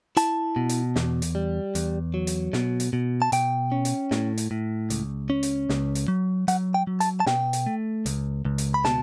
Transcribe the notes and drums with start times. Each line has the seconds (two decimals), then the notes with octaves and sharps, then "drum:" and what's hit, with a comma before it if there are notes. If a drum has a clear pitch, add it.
0.17 E4 A5, drum: hi-hat
0.56 B2
0.69 drum: hi-hat
0.96 E2, drum: snare
1.22 drum: hi-hat
1.35 G3
1.75 E2, drum: hi-hat
2.14 F#3
2.27 drum: hi-hat
2.53 B2, drum: snare
2.80 drum: hi-hat
2.93 B2
3.22 A5
3.32 B2 G5, drum: hi-hat
3.72 C#4
3.85 drum: hi-hat
4.11 A2, drum: snare
4.38 drum: hi-hat
4.51 A2
4.90 C#2, drum: hi-hat
5.30 C#4
5.43 drum: hi-hat
5.69 C#2, drum: snare
5.95 drum: hi-hat
6.08 F#3
6.48 F#3 F#5, drum: hi-hat
6.74 G5
6.87 F#3
7.00 A5, drum: hi-hat
7.20 A5
7.26 B2 G5, drum: snare
7.53 drum: hi-hat
7.66 A3
8.06 C#2, drum: hi-hat
8.45 C#2
8.58 drum: hi-hat
8.74 B5
8.84 B2 A5, drum: snare